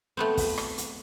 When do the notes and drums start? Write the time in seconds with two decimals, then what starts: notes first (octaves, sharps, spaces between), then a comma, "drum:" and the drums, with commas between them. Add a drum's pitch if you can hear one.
0.17 A3 B3 C4
0.37 drum: kick, open hi-hat
0.58 drum: rim click
0.78 drum: hi-hat